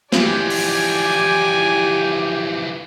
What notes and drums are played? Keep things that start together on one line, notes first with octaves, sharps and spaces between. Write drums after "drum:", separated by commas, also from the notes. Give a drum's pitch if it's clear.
E3 F3 G4 D5 G#5, drum: snare
drum: open hi-hat